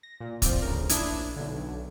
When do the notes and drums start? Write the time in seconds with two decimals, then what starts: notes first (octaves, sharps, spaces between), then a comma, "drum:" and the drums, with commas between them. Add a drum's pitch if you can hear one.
0.03 A#6
0.20 A#2
0.42 F3 C4 D5, drum: kick, hi-hat
0.62 D2 C#3 A#4
0.89 A#1 D4 E4 D#6 G#6 E7, drum: hi-hat
1.36 B1 D3